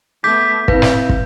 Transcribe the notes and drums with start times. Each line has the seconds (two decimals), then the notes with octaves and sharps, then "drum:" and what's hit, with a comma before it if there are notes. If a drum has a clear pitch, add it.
0.24 A3 B3 D6 G6 B6
0.68 C4 E4 B4 F5, drum: kick
0.82 drum: snare
1.09 drum: kick